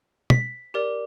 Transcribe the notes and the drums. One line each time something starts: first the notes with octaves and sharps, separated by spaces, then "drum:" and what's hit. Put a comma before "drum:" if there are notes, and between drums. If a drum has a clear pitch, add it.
B6, drum: tom
G4 A#4 D5